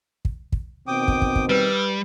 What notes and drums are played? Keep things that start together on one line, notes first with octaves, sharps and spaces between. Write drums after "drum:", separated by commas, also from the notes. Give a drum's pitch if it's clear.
drum: kick
drum: kick
B2 D#3 C4 G5 D6 D#6
drum: kick
drum: kick
drum: kick
G3 B4 E6 F6